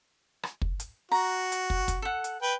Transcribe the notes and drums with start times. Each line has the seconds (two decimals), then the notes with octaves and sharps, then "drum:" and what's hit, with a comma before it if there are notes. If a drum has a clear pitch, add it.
0.43 drum: rim click
0.62 drum: kick
0.80 drum: hi-hat
1.12 F#4 A#5
1.52 drum: hi-hat
1.70 drum: kick
1.88 drum: kick, hi-hat
2.02 A4 F#5
2.24 drum: hi-hat
2.42 B4 G5